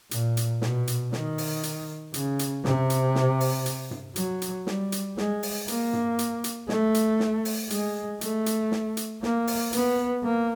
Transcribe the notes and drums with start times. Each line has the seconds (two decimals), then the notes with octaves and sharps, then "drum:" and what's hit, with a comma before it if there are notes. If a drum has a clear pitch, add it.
0.11 A#2, drum: hi-hat
0.37 drum: hi-hat
0.62 B2, drum: snare
0.87 drum: hi-hat
1.12 D#3, drum: snare
1.38 drum: open hi-hat
1.63 drum: hi-hat
2.14 C#3, drum: hi-hat
2.39 drum: hi-hat
2.65 C3, drum: snare
2.90 drum: hi-hat
3.15 drum: snare
3.40 drum: open hi-hat
3.66 drum: hi-hat
3.91 drum: tom G2
4.16 F#3, drum: hi-hat
4.42 drum: hi-hat
4.67 G3, drum: snare
4.92 drum: hi-hat
5.17 G#3, drum: snare
5.43 drum: open hi-hat
5.68 A#3, drum: hi-hat
5.93 drum: tom G2
6.19 drum: hi-hat
6.44 drum: hi-hat
6.69 A3, drum: snare
6.94 drum: hi-hat
7.20 drum: snare
7.45 drum: open hi-hat
7.70 G#3, drum: hi-hat
8.21 A3, drum: hi-hat
8.46 drum: hi-hat
8.72 drum: snare
8.97 drum: hi-hat
9.23 A#3, drum: snare
9.47 drum: open hi-hat
9.73 B3, drum: hi-hat
10.24 A#3